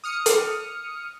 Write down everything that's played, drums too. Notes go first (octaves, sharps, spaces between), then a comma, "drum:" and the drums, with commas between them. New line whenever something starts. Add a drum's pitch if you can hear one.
D#6 F6 C#7
drum: hi-hat